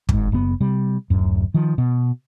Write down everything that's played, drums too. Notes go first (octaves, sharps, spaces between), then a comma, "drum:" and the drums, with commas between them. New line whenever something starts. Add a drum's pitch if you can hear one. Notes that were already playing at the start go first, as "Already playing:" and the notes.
G#1 G#2, drum: kick
F#1 B3
C3 G3
D1 F#2
D#3 F3
B2